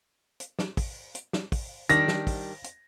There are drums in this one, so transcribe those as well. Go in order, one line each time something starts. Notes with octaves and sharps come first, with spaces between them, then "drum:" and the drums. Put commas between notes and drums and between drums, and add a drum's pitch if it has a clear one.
drum: hi-hat
drum: snare
drum: kick, open hi-hat
drum: hi-hat
drum: snare
drum: kick, open hi-hat
D#3 G3 D4 A#6, drum: hi-hat
drum: snare
drum: kick, open hi-hat
drum: hi-hat